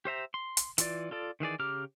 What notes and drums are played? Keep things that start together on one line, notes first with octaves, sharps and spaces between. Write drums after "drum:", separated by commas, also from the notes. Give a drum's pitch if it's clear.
G4 C5 E5 A#5
C6
drum: hi-hat
E3 F4 D5, drum: hi-hat
F4 A4 D5
D#3 E3 G#4 D5
C#3 G4 A#5 D6 F6